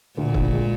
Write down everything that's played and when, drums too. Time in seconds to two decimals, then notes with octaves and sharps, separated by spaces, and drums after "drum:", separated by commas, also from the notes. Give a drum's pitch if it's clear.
0.17 D2 A#2
0.34 D2, drum: kick
0.52 G#3